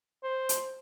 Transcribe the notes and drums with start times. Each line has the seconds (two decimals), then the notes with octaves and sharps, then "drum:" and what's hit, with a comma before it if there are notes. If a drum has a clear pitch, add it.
0.23 C5
0.49 drum: hi-hat